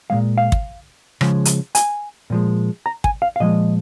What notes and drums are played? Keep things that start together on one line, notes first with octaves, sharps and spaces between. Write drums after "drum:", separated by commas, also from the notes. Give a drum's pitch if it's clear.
A#2 F3 G#3 F5
F5
drum: kick
C#3 F3 G#3, drum: rim click
drum: hi-hat
G#5, drum: hi-hat
A#2 F3 G#3
A#5
G#5, drum: kick
F5
F5
A#2 F3 G#3 D#5